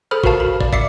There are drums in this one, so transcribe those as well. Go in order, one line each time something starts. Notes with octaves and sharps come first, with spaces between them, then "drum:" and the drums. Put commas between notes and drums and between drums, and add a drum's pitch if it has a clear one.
G#4 A4 C5 B5 F6
F#4 A#4 B4 F5 A5, drum: kick
B5
D5, drum: kick
D5 E5 D6 C7 C#7, drum: kick